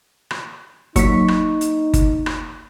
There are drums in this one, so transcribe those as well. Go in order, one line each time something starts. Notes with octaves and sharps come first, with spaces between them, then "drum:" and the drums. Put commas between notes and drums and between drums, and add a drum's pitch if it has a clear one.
drum: rim click
F#3 A#3 D#4 C#6 B6, drum: kick G1, hi-hat
drum: rim click
drum: hi-hat
drum: kick G1, hi-hat
drum: rim click